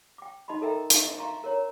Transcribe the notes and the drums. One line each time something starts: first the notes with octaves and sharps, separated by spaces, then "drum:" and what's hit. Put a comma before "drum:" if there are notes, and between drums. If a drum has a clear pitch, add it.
G5 D6
D#4 D#5 A5 B5 C6
A4 A#4 D#5 E5 G5 A#5
drum: hi-hat
E5
E5 F5 A#5 C6 C#6
A#4 C#5 A#5